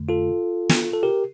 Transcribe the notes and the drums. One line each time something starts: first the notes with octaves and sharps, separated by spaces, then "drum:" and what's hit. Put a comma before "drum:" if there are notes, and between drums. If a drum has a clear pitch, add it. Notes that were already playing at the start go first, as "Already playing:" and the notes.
Already playing: F2 D3 A3
F4 A4
drum: snare
A4
G4 A#4